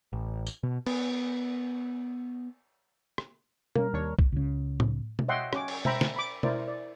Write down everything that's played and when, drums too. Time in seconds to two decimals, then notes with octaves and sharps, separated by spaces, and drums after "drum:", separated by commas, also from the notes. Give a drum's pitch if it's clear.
0.13 A1
0.46 drum: tambourine
0.63 B2
0.86 B3, drum: cymbal
3.18 drum: rim click
3.76 G3 A#3 C#4 A#4, drum: tom B2
3.93 D#2 D4 C#5
4.19 drum: kick B1
4.32 C#2 C#3
4.80 drum: tom A2
5.19 drum: tom B2
5.28 C#5 D#5 E5 F#5 G5 C6
5.53 C#4 D6, drum: rim click
5.68 drum: cymbal
5.85 C5 E5 G5 A#5 B5, drum: tom B2
6.01 drum: snare
6.16 B5 D6
6.43 E4 A#4 C5 D5, drum: tom B2
6.68 D5